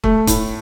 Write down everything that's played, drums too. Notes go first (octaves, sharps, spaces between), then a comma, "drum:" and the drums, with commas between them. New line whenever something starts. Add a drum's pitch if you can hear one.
A3, drum: kick
A2, drum: kick, hi-hat